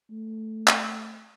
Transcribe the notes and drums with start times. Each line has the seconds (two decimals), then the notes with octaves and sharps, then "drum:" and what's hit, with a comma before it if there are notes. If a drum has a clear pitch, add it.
0.11 A3
0.68 drum: clap